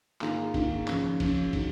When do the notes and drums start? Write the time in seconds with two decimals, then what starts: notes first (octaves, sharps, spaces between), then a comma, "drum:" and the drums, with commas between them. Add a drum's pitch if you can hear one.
0.21 G#2 D#3 A#3 F4 G#4, drum: clap
0.54 G#2 D#3 A#3 F4 G#4, drum: kick, cymbal
0.87 F#2 C#3 F3, drum: clap
1.20 F#2 C#3 F3, drum: kick, cymbal
1.53 D#3 G#3 D#4 F#4, drum: kick, cymbal